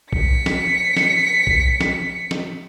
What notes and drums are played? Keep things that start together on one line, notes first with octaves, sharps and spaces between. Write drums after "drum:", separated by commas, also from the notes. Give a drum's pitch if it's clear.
B6 C#7, drum: kick B1
drum: snare
drum: snare
drum: kick B1
drum: snare
drum: snare